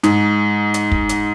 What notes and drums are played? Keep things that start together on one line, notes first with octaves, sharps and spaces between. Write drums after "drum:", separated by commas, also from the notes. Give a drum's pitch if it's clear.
G#2, drum: hi-hat
drum: hi-hat
drum: kick
drum: hi-hat